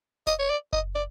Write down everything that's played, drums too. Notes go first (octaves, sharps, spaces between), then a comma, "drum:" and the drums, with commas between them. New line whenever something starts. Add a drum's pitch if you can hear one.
D#5, drum: snare F1
C#5
D5
D#5, drum: kick F#1
D5